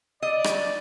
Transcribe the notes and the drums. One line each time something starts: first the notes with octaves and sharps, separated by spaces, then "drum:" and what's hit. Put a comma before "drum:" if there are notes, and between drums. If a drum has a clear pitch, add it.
D5 D#5
drum: rim click